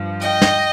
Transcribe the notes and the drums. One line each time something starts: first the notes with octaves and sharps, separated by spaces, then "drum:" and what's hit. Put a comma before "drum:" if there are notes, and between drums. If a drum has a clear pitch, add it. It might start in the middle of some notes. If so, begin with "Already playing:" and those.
Already playing: G2 F3
D#5 G5, drum: hi-hat
drum: snare